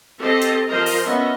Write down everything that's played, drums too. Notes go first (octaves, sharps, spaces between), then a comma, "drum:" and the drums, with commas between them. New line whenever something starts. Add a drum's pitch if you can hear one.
C4 G4 A4 C5 D#5 A5
drum: hi-hat
F3 A#4 C5 D#5 A#5
drum: open hi-hat
B3 C#4 D#5 E5